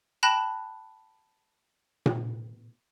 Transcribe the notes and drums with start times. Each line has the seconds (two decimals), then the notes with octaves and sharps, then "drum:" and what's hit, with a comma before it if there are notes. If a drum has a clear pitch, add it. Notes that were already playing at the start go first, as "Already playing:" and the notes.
0.23 G5 A5 B5 F#6 A#6 E7
2.06 drum: tom A#2